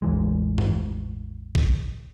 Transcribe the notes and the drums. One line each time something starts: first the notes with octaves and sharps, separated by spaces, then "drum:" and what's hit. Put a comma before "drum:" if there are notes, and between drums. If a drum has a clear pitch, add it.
A1 E2 E3 G#3
drum: tom G2
drum: kick A1